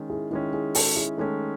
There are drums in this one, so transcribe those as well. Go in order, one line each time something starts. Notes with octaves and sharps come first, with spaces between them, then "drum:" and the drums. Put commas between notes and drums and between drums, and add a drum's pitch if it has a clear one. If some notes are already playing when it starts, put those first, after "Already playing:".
Already playing: D#3 G#3 C#4
E4 G#4
D#3 G#3 C#4 E4 G#4
E4 G#4
F#4 A4, drum: open hi-hat
E4 G#4
D#3 G#3 A3 C#4